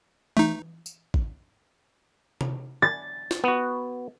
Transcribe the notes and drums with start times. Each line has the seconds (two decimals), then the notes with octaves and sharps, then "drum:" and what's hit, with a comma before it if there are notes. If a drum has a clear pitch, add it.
0.37 A3 D#4, drum: tom E3
0.86 drum: tambourine
1.14 drum: kick A1
2.41 drum: tom C3
2.82 A6
3.31 drum: snare
3.44 B3 F#4